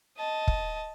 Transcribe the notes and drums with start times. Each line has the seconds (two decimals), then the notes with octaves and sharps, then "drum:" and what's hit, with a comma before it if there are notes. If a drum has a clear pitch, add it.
0.17 D#5 A5
0.48 drum: kick